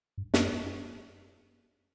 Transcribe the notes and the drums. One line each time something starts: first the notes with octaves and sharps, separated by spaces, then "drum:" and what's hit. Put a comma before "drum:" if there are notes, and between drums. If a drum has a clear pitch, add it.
G2
F#2, drum: snare